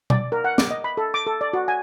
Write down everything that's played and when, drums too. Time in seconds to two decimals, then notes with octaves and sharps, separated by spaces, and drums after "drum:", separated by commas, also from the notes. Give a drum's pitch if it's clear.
0.10 D5, drum: tom B2
0.32 A#4
0.44 F#5
0.58 D6, drum: snare
0.71 D#5
0.84 B5
0.97 A4
1.14 D6
1.27 A4
1.41 D5
1.53 F#4
1.68 G#5